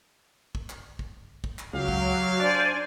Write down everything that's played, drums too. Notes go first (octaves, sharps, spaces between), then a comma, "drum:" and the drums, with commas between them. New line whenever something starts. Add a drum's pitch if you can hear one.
drum: kick
drum: clap
drum: kick
drum: kick
drum: clap
C#2 F#3 G4 F5
drum: kick
D4 C5 D5 G#5